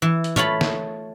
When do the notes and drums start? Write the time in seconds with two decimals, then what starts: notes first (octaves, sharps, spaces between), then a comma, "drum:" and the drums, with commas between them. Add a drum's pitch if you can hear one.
0.02 E3
0.24 drum: hi-hat
0.36 A3 F4 C#5 B5, drum: tom A2
0.61 drum: snare